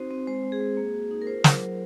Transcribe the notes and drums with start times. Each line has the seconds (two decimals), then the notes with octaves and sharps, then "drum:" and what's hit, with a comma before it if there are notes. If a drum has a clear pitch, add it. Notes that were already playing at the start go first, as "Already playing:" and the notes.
Already playing: C4 D#4 F#4 C5
0.11 C4
0.27 G#3 C5
0.44 G#3
0.52 G#4
0.60 G#3
0.77 A#3
0.94 F#4
1.11 D#4
1.22 A#4
1.27 F4 C5
1.44 F#3, drum: snare
1.61 F#3